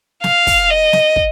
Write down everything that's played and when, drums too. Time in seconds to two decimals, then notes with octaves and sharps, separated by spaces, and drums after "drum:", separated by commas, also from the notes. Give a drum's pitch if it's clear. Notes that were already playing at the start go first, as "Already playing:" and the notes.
0.24 F5, drum: snare
0.47 drum: kick, open hi-hat
0.70 D#5
0.93 drum: snare
1.16 drum: kick